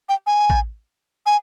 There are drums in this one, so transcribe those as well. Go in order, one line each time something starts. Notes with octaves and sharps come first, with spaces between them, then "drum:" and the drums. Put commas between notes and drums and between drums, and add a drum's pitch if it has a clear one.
G5
G#5
drum: kick A1
G#5